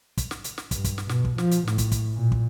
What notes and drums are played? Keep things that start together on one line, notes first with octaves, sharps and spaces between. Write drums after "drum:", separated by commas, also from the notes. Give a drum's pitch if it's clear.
drum: kick, hi-hat
drum: snare
drum: hi-hat
drum: snare
G2, drum: kick, hi-hat
drum: kick, hi-hat
drum: snare
B2, drum: snare
drum: kick
F3, drum: snare
drum: hi-hat
A2, drum: snare
drum: kick, hi-hat
drum: kick, hi-hat
A#2
drum: kick